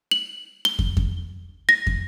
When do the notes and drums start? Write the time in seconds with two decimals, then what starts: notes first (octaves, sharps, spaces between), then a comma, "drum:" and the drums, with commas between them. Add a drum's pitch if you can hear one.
0.12 F#7
0.65 G7
0.79 drum: kick
0.97 drum: kick
1.69 A#6
1.87 drum: kick